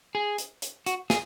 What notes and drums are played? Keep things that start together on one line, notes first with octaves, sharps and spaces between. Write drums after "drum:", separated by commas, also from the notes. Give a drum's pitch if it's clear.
G#4
drum: hi-hat
drum: hi-hat
F#4, drum: hi-hat
G#4, drum: snare